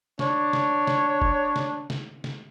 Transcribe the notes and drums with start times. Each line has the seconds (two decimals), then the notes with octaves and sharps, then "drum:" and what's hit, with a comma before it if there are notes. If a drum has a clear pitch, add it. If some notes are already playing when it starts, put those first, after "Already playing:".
0.19 D4 C#5, drum: snare
0.53 drum: snare
0.87 drum: snare
1.22 drum: kick F1
1.56 drum: snare
1.90 drum: snare
2.24 drum: snare